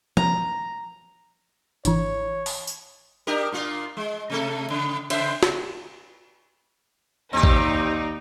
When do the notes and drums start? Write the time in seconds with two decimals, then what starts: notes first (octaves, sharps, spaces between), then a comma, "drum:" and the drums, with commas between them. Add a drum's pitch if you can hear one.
0.17 A#5, drum: tom F3
1.85 G#1 E3 C#5, drum: hi-hat
2.46 drum: open hi-hat
2.67 drum: tambourine
3.27 D4 G4 A#4
3.52 A#2 A#3 F4
3.97 G#3
4.30 C3 A3 A4
4.70 C#3
5.10 C#3 C5 E5, drum: cymbal
5.43 drum: snare
7.33 D#2 C4 D#4 G4 D5
7.43 drum: kick A1